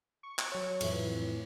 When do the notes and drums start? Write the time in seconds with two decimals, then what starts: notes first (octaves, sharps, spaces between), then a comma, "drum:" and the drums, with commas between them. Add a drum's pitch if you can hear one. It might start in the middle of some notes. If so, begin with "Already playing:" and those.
0.23 C#6
0.38 drum: clap
0.52 F#3 C#5
0.81 F2 A2 E3, drum: cymbal